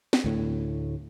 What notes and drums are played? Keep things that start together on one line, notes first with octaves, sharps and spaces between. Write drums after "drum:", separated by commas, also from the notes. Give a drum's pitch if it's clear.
drum: snare
D2 A2